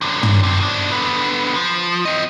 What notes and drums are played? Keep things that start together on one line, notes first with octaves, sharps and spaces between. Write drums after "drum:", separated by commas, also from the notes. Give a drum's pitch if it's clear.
F#2 D3
drum: tom
G2 C3
B2 D4
D3 B3
F3
C4 D#5